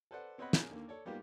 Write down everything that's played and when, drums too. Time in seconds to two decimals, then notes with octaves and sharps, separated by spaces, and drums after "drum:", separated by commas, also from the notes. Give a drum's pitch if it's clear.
0.11 A4 B4 C5 D5 F#5
0.38 B3 C4 C#5 D#5 F#5 B5
0.53 C#4 G#4 A#4, drum: snare
0.69 D#2 D3 A#3
0.88 A4 C#5 D5
1.05 G#2 G3 A#3 B3 F4 G4